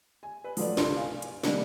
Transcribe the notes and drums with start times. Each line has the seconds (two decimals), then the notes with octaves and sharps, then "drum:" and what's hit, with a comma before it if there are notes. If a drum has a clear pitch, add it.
0.23 G#5
0.44 B4
0.57 F3 F#3 A3 B4 C#5 D5, drum: open hi-hat
0.77 G1 C2 G2 D3 F4 C6, drum: snare
0.96 F5 G#5
1.22 drum: hi-hat
1.43 C3 D#3 G3 A#3 B3 D4, drum: snare